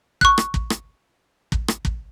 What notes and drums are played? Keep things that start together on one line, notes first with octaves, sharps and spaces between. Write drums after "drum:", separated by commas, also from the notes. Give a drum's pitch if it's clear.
C#6 F#6, drum: kick
drum: rim click
drum: kick
drum: rim click
drum: kick
drum: rim click
drum: kick